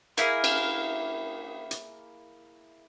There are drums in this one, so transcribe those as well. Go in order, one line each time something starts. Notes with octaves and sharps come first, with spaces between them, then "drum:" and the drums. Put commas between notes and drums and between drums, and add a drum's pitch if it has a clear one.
A#3 E4 G#4 A#4, drum: hi-hat
drum: cymbal
drum: hi-hat